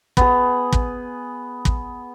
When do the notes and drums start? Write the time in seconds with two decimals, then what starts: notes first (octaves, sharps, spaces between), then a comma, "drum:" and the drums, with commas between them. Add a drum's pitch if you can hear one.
0.17 B3 G#4, drum: kick
0.73 drum: kick
1.65 drum: kick